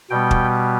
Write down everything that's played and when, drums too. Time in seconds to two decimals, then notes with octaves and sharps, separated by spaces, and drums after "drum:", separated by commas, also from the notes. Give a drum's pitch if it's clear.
0.10 B2 G3 B3 G5
0.31 drum: kick